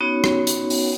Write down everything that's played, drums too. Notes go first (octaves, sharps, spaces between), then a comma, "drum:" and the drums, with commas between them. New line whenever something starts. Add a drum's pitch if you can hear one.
B3 C#4 D#4 F#4 C#5
drum: rim click
drum: hi-hat
drum: open hi-hat